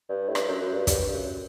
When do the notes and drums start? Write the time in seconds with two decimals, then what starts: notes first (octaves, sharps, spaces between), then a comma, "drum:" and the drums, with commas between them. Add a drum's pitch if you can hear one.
0.09 G2
0.28 A2
0.35 G2, drum: rim click
0.48 F#2
0.61 F#2
0.73 G2
0.87 G2, drum: kick, hi-hat
1.13 F#2